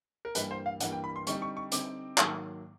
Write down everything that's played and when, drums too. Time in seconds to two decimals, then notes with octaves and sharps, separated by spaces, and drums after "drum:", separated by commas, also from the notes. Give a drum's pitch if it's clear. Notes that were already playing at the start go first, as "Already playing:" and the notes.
0.25 A#4
0.35 G2 E3 G3 A#3 B4, drum: hi-hat
0.51 C5
0.66 F5
0.80 G2 E3 G3 A#3 F#5, drum: hi-hat
0.92 G5
1.04 B5
1.16 C6
1.27 D3 G3 C4 D#4 C#6, drum: hi-hat
1.42 C#6
1.57 C#6
1.72 D3 G3 C4 D#4 D6, drum: hi-hat
2.18 G#2 D#3 F#3 A#3, drum: clap